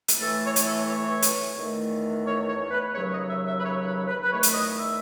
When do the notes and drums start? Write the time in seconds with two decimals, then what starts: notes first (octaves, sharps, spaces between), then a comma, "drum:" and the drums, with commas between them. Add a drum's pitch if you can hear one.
0.08 drum: hi-hat
0.20 A2 E3 A3 A4
0.43 C#5
0.56 drum: hi-hat
0.65 A4
0.89 C#5
1.22 drum: hi-hat
1.56 E2 D#3 A3
2.25 C#5
2.48 C#5
2.71 B4
2.94 D#2 C#3 F#3 C#5
3.11 D#5
3.29 E5
3.46 E5
3.58 B4
3.63 C#5
3.85 B4
4.08 B4
4.22 B4
4.31 E2 D#3 A3 C#5
4.43 drum: hi-hat
4.53 D#5
4.76 E5